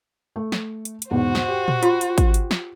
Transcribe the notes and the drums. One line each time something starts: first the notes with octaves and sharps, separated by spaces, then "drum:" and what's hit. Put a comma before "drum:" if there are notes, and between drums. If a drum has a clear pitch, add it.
A3
drum: snare
drum: hi-hat
drum: hi-hat
E2 G#2 B2 F#4 C5
drum: snare
G4
drum: tom A#2
F4 C6, drum: hi-hat
drum: hi-hat
drum: kick, hi-hat
drum: hi-hat
drum: snare